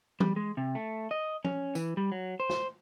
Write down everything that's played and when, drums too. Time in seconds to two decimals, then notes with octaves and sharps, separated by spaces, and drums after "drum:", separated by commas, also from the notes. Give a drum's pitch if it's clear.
0.20 G3, drum: tom
0.36 G#3
0.57 C3
0.75 A3
1.11 D#5
1.45 C#4, drum: tom F3
1.75 E3, drum: tambourine
1.97 G3
2.12 F#3
2.40 C5
2.49 drum: snare